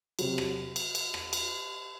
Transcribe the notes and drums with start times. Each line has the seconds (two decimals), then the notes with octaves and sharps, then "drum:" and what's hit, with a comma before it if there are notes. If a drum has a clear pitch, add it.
0.19 C3 F#3, drum: cymbal
0.38 drum: rim click
0.76 drum: cymbal
0.95 drum: cymbal
1.14 drum: rim click
1.33 drum: cymbal